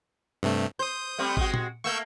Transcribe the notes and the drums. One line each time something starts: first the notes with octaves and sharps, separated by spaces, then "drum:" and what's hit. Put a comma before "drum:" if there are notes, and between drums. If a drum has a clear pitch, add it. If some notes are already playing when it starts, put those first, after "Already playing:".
G2 C3 A3
C5 D#6 G6
G3 A3 C4
G#3 F#4, drum: kick G#1
drum: tom A#2
A3 A#3 C#6 E6 G6